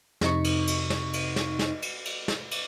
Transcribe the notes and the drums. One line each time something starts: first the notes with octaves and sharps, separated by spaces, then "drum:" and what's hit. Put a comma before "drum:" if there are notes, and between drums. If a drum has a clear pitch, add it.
F2 C3 D#4 C#6, drum: snare
drum: cymbal
drum: cymbal
drum: snare
drum: cymbal
drum: snare
drum: snare
drum: cymbal
drum: cymbal
drum: snare
drum: cymbal